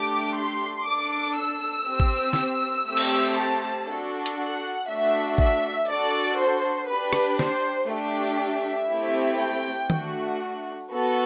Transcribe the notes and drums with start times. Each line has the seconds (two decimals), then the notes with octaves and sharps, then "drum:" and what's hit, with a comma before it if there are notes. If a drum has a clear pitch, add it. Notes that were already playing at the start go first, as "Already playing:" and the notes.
Already playing: A3 D4 G4 D6
0.37 C6
0.87 D4 A4 D6
1.37 E6
1.88 C4 G4
2.00 drum: kick G#1
2.33 drum: snare
2.88 A3 C4 G4 E6
2.97 drum: cymbal
3.38 A5
3.88 D4 F#4 A4
4.26 drum: hi-hat
4.38 F#5
4.88 A3 D4 F#4 E5
5.38 E5, drum: kick G#1
5.88 D4 F#4 A4 D5
6.38 C5
6.89 D4 G4 B4
7.13 drum: rim click
7.39 C5, drum: snare
7.89 A3 D4 G4
8.39 E5
8.89 A3 C4 E4 G4
9.40 G5
9.90 A3 D4 F#4, drum: tom
10.90 B3 F#4 A4